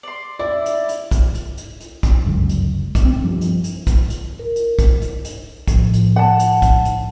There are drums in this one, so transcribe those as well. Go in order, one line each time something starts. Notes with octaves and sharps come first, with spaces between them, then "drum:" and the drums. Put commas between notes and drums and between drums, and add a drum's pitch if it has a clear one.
D5 C6
E4 D5
drum: hi-hat
drum: hi-hat
drum: kick, hi-hat
drum: hi-hat
drum: hi-hat
drum: hi-hat
drum: kick, hi-hat
G1 C#2 F#2
drum: hi-hat
drum: kick, hi-hat
C4
G2 F3
drum: hi-hat
drum: hi-hat
drum: kick, hi-hat
drum: hi-hat
A#4
drum: hi-hat
drum: kick, hi-hat
drum: hi-hat
drum: hi-hat
A2 F3, drum: kick, hi-hat
drum: hi-hat
F#5 A5
drum: hi-hat
drum: kick, hi-hat
drum: hi-hat